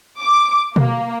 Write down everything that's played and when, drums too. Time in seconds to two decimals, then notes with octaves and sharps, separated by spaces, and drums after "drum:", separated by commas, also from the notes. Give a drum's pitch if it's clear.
0.21 D6
0.76 A#3, drum: tom B2